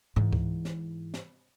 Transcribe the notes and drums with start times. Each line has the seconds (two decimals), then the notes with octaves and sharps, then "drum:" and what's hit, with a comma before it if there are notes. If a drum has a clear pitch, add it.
0.16 G#2 E3
0.33 drum: kick C#2
0.65 drum: snare
1.14 drum: snare